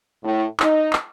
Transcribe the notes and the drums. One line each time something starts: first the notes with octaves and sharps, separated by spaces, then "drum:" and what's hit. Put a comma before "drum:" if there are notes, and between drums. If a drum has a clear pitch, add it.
A2
D#4, drum: clap
drum: clap